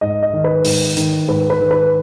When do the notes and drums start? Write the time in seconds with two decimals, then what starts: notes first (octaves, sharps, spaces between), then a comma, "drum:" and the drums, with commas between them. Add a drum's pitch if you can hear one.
0.01 G#2 D#5
0.23 D#5
0.33 D#3
0.44 B4
0.64 G#2, drum: open hi-hat
0.97 D#3, drum: hi-hat
1.28 G#2 B4
1.50 B4
1.61 D#3
1.71 B4